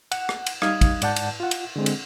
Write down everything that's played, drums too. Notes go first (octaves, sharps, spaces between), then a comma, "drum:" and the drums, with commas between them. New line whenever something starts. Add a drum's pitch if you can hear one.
F#5, drum: cymbal
drum: rim click
drum: cymbal
G3 D#4 F5 D#6 G#6, drum: rim click
drum: kick, cymbal
G#2 D5 F#5 A5 G6, drum: cymbal
drum: cymbal
F4 F#5
drum: cymbal
D3 G#3 C4
drum: cymbal